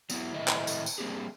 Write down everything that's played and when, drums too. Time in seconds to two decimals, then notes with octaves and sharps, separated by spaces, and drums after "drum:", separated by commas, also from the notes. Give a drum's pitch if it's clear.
0.10 F#3 B3 E4, drum: tambourine
0.34 A2 D#3 A3 E4 D#5 E5
0.48 drum: clap
0.67 drum: tambourine
0.86 drum: tambourine
0.98 G3 A#3 C4 D4 G4 G#4